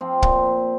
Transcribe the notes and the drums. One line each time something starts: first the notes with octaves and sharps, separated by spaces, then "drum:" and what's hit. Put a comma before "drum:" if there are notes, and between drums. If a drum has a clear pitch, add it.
F3 C4
A#2, drum: kick